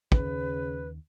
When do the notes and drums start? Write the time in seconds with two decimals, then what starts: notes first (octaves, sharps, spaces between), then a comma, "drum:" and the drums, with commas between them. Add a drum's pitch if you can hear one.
0.12 D#2 C#3 B4, drum: kick